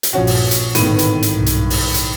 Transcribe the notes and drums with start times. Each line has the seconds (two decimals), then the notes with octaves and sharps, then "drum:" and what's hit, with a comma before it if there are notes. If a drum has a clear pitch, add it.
0.03 drum: hi-hat
0.13 A#1 G2 F3 C#4 F#4
0.27 drum: open hi-hat
0.51 drum: hi-hat
0.75 G#1 A2 D3 D#3 B3 D#7, drum: hi-hat
0.99 drum: hi-hat
1.23 drum: hi-hat
1.33 B1 G2
1.46 drum: hi-hat
1.70 drum: open hi-hat
1.94 drum: hi-hat